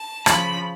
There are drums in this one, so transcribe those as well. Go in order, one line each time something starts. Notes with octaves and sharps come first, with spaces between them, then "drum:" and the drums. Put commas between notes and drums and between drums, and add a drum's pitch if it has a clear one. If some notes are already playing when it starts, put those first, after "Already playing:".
Already playing: A5
C#3 F3 B5, drum: rim click